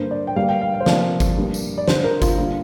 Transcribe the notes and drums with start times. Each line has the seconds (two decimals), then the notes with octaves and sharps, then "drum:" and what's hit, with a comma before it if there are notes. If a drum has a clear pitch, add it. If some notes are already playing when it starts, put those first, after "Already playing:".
Already playing: G2 D3 A#3 C5
0.11 D5
0.27 G5
0.36 G2 D3 G3 A#3 F5
0.49 G5
0.61 F5
0.74 F5
0.80 C5
0.86 C3 F3 A#3 D5, drum: snare
1.20 drum: kick G1, tambourine
1.37 G2 G3 A#3
1.54 drum: tambourine
1.78 D5
1.88 G2 D3 G3 C5, drum: snare
2.04 A#4
2.22 F4, drum: kick G1, tambourine
2.38 D3 G3 A#3 F4